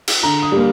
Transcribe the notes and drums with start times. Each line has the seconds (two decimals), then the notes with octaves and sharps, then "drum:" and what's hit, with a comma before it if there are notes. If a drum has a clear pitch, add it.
0.08 drum: cymbal
0.23 D3 A#5
0.42 D#6
0.52 G3 A#3